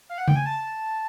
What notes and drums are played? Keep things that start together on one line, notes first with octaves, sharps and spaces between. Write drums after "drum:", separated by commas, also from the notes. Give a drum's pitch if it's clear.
F5
F#5
G5, drum: tom C#3
G#5
A5